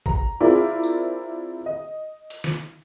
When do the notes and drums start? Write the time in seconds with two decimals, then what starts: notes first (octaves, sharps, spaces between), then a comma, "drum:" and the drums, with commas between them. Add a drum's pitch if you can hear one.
0.06 A#5, drum: kick
0.41 C4 E4 F4 G#4 A#4 D5
0.83 drum: tambourine
1.66 D#5
2.30 drum: open hi-hat
2.44 drum: snare